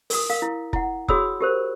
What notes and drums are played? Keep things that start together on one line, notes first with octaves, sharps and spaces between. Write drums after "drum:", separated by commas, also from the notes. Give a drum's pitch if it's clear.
A#4 D#6, drum: open hi-hat
A#4 F5
E4
E4 F#5, drum: kick F1
F#4 G#4 C#5 B5 D#6 E6, drum: kick F1
G4 A#4 C5